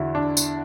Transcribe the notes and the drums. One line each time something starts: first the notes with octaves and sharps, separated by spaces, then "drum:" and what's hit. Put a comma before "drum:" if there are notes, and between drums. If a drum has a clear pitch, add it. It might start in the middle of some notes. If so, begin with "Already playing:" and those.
Already playing: E2 D3 E4 F#4
D4
drum: tambourine